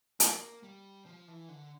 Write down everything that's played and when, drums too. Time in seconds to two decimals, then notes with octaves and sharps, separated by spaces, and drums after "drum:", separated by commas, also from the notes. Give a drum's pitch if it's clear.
0.20 A#3, drum: hi-hat
0.63 G3
1.06 F3
1.28 E3
1.49 D3